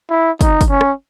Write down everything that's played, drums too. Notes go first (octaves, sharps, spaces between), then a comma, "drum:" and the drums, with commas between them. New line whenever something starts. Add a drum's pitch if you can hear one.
E4
D#4, drum: kick, hi-hat
drum: kick, hi-hat
C#4
drum: rim click